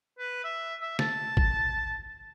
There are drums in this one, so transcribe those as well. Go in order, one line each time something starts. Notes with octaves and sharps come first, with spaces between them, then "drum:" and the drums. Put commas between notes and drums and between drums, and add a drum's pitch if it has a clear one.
B4
E5
E5
A5, drum: snare
drum: kick G#1